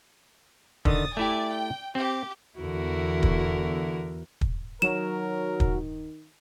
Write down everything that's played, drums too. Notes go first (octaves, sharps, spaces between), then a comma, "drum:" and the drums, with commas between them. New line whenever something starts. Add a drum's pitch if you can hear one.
D3 D#3 D#6 A6, drum: kick
A3 E4 G4 D5 G#5
G5
C4 G4
E2 D3 E4 F#4 A#4
drum: kick
drum: kick
D#3 F#3 A#4 E7
drum: kick